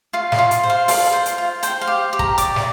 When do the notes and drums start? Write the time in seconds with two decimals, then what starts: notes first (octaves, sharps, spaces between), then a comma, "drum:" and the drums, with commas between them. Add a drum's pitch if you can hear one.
0.13 F4 F5
0.32 F5, drum: snare
0.39 F4
0.51 drum: hi-hat
0.63 C5
0.70 F5
0.88 F4 F5, drum: open hi-hat
1.13 C5
1.25 drum: hi-hat
1.38 F4
1.63 C5 G5, drum: hi-hat
1.81 F5
1.87 G4
2.13 G4
2.19 A#5, drum: kick
2.38 D5 D6, drum: hi-hat
2.56 drum: snare